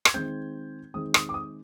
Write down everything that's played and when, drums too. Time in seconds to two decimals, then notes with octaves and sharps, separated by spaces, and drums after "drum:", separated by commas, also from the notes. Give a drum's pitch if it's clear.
0.05 G#6, drum: rim click
0.14 D#3 G#3 C4 G6
0.94 D#3 G#3 C4 D#6
1.14 D#6, drum: rim click
1.29 D6
1.34 D#6